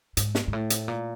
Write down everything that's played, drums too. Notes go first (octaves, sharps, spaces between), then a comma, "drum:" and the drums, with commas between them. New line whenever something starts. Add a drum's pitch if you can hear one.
G#2, drum: hi-hat
drum: snare
G#2
A2
drum: hi-hat
A#2